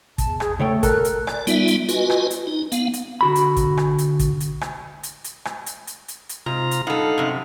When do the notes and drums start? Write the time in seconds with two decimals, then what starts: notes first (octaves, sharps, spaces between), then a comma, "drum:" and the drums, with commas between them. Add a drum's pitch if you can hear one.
0.18 E2 A5, drum: kick, hi-hat
0.40 G#4, drum: rim click
0.59 C#3 A3 A4 C#5 G5
0.83 A4 A#4 A5 F#6, drum: kick, hi-hat
1.05 drum: hi-hat
1.27 D5, drum: rim click
1.47 G3 B3 D#4 F4 E5, drum: hi-hat
1.68 drum: hi-hat
1.89 F4 F#4 B4 D#5 G#5, drum: hi-hat
2.10 drum: rim click
2.31 drum: hi-hat
2.47 D#4
2.72 B3 F5, drum: hi-hat
2.94 drum: hi-hat
3.21 D3 F#4 B5
3.35 drum: hi-hat
3.56 drum: kick, hi-hat
3.77 drum: rim click
3.98 drum: hi-hat
4.19 drum: kick, hi-hat
4.40 drum: hi-hat
4.61 drum: rim click
5.03 drum: hi-hat
5.24 drum: hi-hat
5.45 drum: rim click
5.66 drum: hi-hat
5.87 drum: hi-hat
6.08 drum: hi-hat
6.29 drum: hi-hat
6.46 G#2 C3 F4 A#5
6.71 drum: hi-hat
6.87 G2 D#4 A4 F5 F#5
7.18 F#2 C3